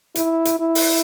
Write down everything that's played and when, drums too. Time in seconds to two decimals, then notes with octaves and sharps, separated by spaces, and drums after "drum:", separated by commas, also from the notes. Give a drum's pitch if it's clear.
0.15 E4, drum: hi-hat
0.45 drum: hi-hat
0.60 E4
0.75 drum: open hi-hat